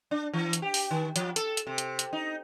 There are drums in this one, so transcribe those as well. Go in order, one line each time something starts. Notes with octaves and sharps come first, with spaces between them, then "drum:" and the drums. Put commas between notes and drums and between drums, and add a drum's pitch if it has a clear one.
D4
E3
drum: hi-hat
G4
drum: open hi-hat
D#3
F3, drum: hi-hat
A4, drum: hi-hat
drum: hi-hat
C3
drum: hi-hat
drum: hi-hat
D#4